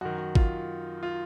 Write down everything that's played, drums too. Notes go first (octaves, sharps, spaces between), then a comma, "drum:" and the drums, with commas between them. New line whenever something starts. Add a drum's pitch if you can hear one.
F#2 D#3 F#4
F#4
F4, drum: kick
F4